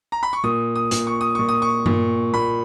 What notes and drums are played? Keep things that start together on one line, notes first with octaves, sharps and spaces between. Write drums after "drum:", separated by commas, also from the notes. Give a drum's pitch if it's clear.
A#5
B5
C#6
A#2 D#6
D#6
A#2, drum: hi-hat
C#6
D#6
A#2 C#6
D#6
C#6
A#2, drum: tom G2
A#2 B5